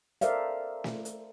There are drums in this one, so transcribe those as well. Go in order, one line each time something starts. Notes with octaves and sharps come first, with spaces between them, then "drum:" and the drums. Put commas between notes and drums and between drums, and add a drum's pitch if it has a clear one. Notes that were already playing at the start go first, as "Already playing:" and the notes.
A4 A#4 C5 D5 E5 F5, drum: hi-hat
drum: snare
drum: hi-hat